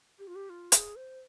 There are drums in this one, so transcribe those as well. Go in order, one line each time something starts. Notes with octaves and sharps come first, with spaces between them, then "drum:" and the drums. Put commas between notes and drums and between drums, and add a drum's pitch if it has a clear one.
G4
F4
G4
F4
G#4, drum: hi-hat
C5